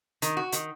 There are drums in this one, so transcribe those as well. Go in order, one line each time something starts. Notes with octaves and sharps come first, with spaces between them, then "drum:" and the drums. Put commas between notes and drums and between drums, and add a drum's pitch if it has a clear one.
D#3, drum: hi-hat
F#4
D#3, drum: hi-hat